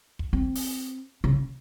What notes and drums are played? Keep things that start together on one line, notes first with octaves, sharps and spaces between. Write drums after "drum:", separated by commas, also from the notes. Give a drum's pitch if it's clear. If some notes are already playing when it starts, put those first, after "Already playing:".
drum: kick
C4
drum: open hi-hat
C#3